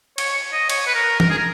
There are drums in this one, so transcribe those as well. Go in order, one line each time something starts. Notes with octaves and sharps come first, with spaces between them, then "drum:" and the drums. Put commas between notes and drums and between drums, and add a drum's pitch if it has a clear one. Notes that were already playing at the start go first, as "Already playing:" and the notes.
C#5, drum: cymbal
D#5
C#5, drum: cymbal
B4
A#4
A#4, drum: tom E3
G#4
A#4